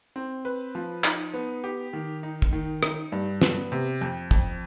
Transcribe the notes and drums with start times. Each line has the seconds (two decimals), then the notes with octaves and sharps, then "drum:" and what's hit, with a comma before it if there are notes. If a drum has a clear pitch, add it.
0.16 C4
0.45 B4
0.75 F3
1.04 D#4, drum: clap
1.34 B3
1.64 G4
1.93 D#3
2.23 D#4
2.42 drum: kick
2.53 D#3
2.83 D#4, drum: rim click
3.12 G2
3.41 B3, drum: snare
3.72 C3
4.01 F2
4.31 F2, drum: kick